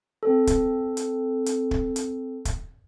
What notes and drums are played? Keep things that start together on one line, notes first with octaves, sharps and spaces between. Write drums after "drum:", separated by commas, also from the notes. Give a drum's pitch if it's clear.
C4 A4
drum: kick, hi-hat
drum: hi-hat
drum: hi-hat
drum: kick
drum: hi-hat
drum: kick, hi-hat